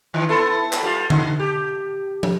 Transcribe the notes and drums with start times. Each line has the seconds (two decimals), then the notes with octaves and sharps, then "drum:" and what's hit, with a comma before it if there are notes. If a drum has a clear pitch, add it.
0.14 D#3 E3
0.29 B3 E4 A4
0.73 drum: clap
0.83 G3 F4
1.10 D3, drum: tom D3
1.40 G4
2.23 drum: tom